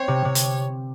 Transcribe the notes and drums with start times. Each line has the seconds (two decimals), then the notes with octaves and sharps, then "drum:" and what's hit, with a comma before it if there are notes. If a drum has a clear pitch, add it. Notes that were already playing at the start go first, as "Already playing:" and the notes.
Already playing: C4 C5 C#5
0.08 C3
0.25 C3
0.35 drum: hi-hat